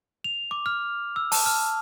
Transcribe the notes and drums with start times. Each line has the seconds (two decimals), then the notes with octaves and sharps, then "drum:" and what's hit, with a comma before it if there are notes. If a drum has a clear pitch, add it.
0.24 F7
0.51 D6
0.66 F6
1.16 E6
1.32 A5, drum: open hi-hat
1.46 F6